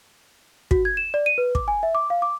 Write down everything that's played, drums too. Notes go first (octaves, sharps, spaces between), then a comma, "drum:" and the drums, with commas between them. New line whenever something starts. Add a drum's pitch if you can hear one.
F#4, drum: kick
G#6
E7
D5
D#7
B4
D6, drum: kick
G#5
E5
D6
F5
D6